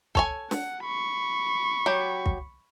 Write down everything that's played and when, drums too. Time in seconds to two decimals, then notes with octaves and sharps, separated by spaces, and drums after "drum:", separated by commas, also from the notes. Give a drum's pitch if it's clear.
0.15 A4 C#5 G#5, drum: kick
0.51 F#5, drum: snare
0.85 B5 C#6
1.86 F#3 G4
2.26 drum: kick